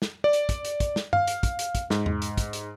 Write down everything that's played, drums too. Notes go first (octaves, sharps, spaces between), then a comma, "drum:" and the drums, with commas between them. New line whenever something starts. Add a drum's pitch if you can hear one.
drum: snare
D5
drum: hi-hat
drum: kick, hi-hat
drum: hi-hat
drum: kick, hi-hat
drum: snare
F5, drum: tom G2
drum: hi-hat
drum: kick, hi-hat
drum: hi-hat
drum: kick, hi-hat
G#2, drum: snare
drum: tom E2
drum: hi-hat
drum: kick, hi-hat
drum: hi-hat